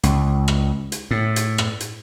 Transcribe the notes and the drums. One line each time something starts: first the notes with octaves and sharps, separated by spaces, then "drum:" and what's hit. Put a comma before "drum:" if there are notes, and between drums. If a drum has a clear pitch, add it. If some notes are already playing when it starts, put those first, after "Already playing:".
C#2, drum: hi-hat
drum: rim click
drum: hi-hat
A2
drum: hi-hat
drum: rim click
drum: hi-hat